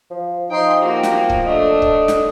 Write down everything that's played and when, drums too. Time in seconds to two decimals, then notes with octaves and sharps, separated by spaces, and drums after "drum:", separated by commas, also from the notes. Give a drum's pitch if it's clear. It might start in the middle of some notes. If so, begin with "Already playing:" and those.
0.10 F3
0.51 F3 D#4 G5 C6
0.82 A#3 F#4 G4
1.03 drum: snare
1.30 drum: kick
1.46 A3 D4 D#5
1.82 drum: kick
2.08 drum: snare